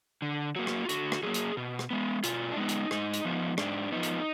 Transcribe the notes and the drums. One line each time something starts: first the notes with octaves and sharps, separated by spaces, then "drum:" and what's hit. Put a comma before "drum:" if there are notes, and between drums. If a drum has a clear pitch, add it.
D3
F#3 A#3 F#4
drum: rim click
F4
D3 F#4, drum: hi-hat
drum: rim click
F#3 A#3 G#4
drum: hi-hat
B2
drum: rim click
G#3 B3
B2 F4, drum: hi-hat
D4
G#3 B3 D#4
drum: hi-hat
G#2 D#4, drum: rim click
drum: hi-hat
F3 B3
G#2 D4, drum: rim click
F3 B3 D#4
drum: hi-hat